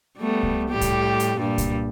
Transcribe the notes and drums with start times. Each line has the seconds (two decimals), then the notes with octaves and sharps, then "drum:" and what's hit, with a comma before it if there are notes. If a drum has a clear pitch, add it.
0.18 G3 A3 B3
0.43 drum: kick C2
0.69 A2 G3 G4
0.81 drum: kick C2, hi-hat
1.20 drum: hi-hat
1.39 G2 A#2 G3
1.58 drum: kick C2, hi-hat